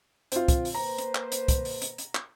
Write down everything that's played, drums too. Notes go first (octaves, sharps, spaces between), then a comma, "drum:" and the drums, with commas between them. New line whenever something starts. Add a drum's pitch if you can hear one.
C4 F4, drum: hi-hat
drum: kick, hi-hat
drum: open hi-hat
A#3 B4 C5 A#5
drum: hi-hat
drum: clap
drum: hi-hat
drum: kick, hi-hat
drum: open hi-hat
drum: hi-hat
drum: hi-hat
drum: clap